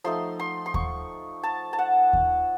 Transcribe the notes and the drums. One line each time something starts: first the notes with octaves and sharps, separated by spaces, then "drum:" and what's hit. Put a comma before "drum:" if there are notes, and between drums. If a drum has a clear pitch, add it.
F3 A3 D#4 C6
C6
C6
C#6, drum: kick D#2
A5
A5
F#5
drum: kick D#2